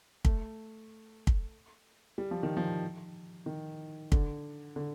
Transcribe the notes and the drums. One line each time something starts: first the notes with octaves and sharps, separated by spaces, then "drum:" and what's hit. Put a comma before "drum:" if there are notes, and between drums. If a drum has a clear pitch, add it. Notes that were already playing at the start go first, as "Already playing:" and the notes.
A3, drum: kick
drum: kick
G3
F3
D#3
F3
D#3
D3, drum: kick
D3